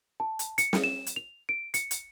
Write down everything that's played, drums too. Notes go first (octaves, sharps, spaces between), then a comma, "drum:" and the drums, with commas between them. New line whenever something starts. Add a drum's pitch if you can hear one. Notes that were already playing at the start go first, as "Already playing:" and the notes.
A5
drum: hi-hat
C#7, drum: hi-hat
drum: snare
E7
drum: hi-hat
F7
D7
C#7, drum: hi-hat
drum: hi-hat